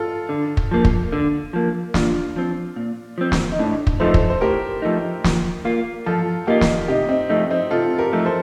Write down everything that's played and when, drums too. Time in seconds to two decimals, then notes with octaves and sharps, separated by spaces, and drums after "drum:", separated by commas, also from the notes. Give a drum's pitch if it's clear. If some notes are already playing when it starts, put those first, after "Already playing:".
Already playing: F4 A4
0.29 D3
0.57 drum: kick
0.71 F3 A#3
0.85 drum: kick
1.12 D3
1.53 F3 A#3
1.94 A#2 D4 F4, drum: snare
2.36 F3 C4
2.76 A#2
3.18 F3 C4
3.32 drum: snare
3.52 D#4
3.59 A2 D4
3.87 drum: kick
4.00 F3 A3 D#4 A4 C5
4.14 drum: kick
4.30 C5
4.41 A2 G4 A#4
4.82 F3 A3 D#4
5.24 F3, drum: snare
5.65 A#3 F4
6.06 F3 F4 A4
6.47 A#3 D#4 F4 G4
6.61 drum: snare
6.88 C3 D#4 G4
7.09 C4 D#4
7.30 F3 A3 D#4
7.50 C4 D#4
7.71 C3 F4 A4
7.99 G4 A#4
8.13 F3 A3 D#4
8.26 A4 C5